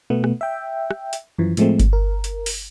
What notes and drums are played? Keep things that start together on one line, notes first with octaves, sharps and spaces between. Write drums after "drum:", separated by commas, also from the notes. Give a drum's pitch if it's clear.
B2 A3 B3
drum: rim click
E5 G5
drum: rim click
drum: hi-hat
F#2 E3 F3
A2 F3 G#3 A3 C4, drum: hi-hat
drum: kick G1, hi-hat
A#4
drum: hi-hat
drum: open hi-hat